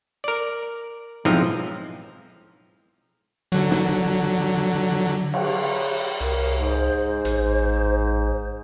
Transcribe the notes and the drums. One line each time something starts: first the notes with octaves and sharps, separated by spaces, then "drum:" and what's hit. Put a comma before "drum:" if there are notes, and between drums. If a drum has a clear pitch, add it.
A#4 D5
B1 G#2 E3 F3 C4 A#5, drum: hi-hat
D3 F#3, drum: hi-hat
drum: snare
drum: cymbal
C2 A#4, drum: hi-hat
G#2 C5
A1, drum: hi-hat